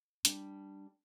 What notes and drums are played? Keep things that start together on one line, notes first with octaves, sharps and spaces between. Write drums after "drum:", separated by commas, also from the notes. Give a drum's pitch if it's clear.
G3 D4, drum: hi-hat